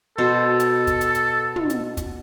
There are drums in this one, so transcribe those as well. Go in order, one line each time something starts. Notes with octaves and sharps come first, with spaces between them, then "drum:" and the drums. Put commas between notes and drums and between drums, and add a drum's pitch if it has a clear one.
B2 A4 C5
drum: hi-hat
drum: kick, hi-hat
drum: hi-hat
drum: hi-hat
drum: tom
drum: hi-hat
drum: kick, hi-hat